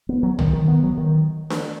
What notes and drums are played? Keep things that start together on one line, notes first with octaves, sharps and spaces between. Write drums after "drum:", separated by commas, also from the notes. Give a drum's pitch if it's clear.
B3
F#3
D#3, drum: tom
D#3
B3
F#3
D#3
drum: snare D4